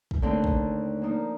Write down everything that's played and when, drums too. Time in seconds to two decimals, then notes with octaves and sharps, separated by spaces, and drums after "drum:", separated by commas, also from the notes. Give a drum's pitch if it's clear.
0.11 drum: kick
0.22 D#2 D3 A3 C4
0.44 drum: kick
1.02 F3 A#3 D#4 A#4 D5